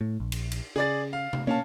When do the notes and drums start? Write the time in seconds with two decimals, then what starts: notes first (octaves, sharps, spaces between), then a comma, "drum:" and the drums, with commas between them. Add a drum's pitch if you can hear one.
0.01 A2
0.20 A#1
0.32 drum: cymbal
0.51 drum: cymbal
0.76 C#3 G#4 D5 A6
1.13 F5
1.33 drum: tom C3
1.47 A#3 C#4 F5 A5